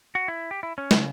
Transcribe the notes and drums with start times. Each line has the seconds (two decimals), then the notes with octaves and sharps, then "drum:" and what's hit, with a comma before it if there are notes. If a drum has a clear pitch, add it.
0.15 F#4
0.28 E4
0.51 G4
0.63 E4
0.78 C#4
0.91 C#3, drum: snare